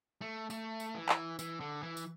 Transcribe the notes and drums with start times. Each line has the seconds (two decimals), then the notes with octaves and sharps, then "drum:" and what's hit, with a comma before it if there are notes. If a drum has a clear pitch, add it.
0.21 A3
0.50 A3, drum: tambourine
0.80 drum: tambourine
0.95 E3
1.09 drum: clap
1.39 E3, drum: tambourine
1.60 D3
1.83 E3
1.97 drum: tambourine